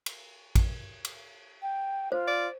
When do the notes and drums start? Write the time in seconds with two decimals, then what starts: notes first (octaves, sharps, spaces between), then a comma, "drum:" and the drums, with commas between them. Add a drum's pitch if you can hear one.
0.06 drum: cymbal
0.55 drum: kick, cymbal
1.05 drum: cymbal
1.62 G5
2.12 F4 C5
2.28 D5